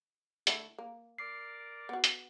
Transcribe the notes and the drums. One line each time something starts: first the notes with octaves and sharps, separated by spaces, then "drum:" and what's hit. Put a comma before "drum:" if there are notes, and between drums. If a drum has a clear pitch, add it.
D3 A3 E4, drum: hi-hat
A#3
A#4 D5 D6 C7
B3 F#4
drum: hi-hat